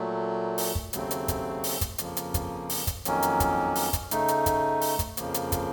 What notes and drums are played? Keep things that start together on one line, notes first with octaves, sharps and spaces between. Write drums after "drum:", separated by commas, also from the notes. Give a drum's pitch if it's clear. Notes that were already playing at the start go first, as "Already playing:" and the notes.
Already playing: A#2 F#3 A3
drum: open hi-hat
drum: kick
D#2 C#3 F#3 A3 C4, drum: hi-hat
drum: hi-hat
drum: kick, hi-hat
drum: open hi-hat
drum: kick, hi-hat
F2 C#3 F3 A#3, drum: hi-hat
drum: hi-hat
drum: kick, hi-hat
drum: open hi-hat
drum: kick, hi-hat
F2 D#3 F#3 A#3 C#4, drum: hi-hat
drum: hi-hat
drum: kick, hi-hat
drum: open hi-hat
drum: kick, hi-hat
C#3 A3 D#4, drum: hi-hat
drum: hi-hat
drum: kick, hi-hat
drum: open hi-hat
drum: kick, hi-hat
F2 C#3 F3 A#3, drum: hi-hat
drum: hi-hat
drum: kick, hi-hat